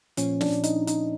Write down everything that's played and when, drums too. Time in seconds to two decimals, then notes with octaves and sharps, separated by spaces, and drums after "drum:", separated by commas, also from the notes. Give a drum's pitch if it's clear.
0.17 A#2 F3 C#4, drum: hi-hat
0.41 D4, drum: snare
0.64 D#4, drum: hi-hat
0.87 D#4, drum: hi-hat